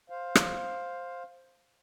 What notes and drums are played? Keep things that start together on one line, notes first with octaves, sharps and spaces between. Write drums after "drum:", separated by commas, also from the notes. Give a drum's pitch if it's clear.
C5 F5
drum: rim click